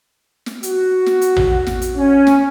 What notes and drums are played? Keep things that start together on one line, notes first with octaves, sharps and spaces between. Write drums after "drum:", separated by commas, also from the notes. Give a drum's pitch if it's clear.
drum: snare
F#4, drum: hi-hat
drum: snare
drum: hi-hat
drum: tom A1
drum: snare
drum: hi-hat
C#4
drum: snare